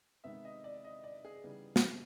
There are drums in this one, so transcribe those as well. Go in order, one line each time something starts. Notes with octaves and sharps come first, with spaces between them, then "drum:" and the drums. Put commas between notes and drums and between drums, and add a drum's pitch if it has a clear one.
C3 D#3 G#3 B3 D#4 E5
D#5
D5
D#5
D5
G#4
C#3 E3 G3 B3 D#4
drum: snare